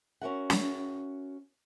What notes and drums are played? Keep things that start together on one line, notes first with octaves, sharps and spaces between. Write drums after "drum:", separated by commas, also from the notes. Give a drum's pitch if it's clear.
C#4 D4 F#4 A#4 E5 F#5
drum: snare